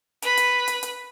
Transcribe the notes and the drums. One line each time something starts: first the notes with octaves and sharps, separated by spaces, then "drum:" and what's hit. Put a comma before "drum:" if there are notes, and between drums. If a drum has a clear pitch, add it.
B4 B5, drum: hi-hat
drum: hi-hat
drum: hi-hat
drum: hi-hat